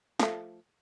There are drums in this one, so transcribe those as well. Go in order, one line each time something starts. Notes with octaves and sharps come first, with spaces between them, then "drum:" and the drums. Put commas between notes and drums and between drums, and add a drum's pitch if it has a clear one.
F3 A3, drum: snare